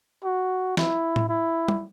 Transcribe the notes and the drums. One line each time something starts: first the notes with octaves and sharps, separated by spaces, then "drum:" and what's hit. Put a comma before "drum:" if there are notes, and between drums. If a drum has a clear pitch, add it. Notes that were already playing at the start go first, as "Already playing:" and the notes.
F#4
E4, drum: snare
drum: tom A2
E4
drum: tom G3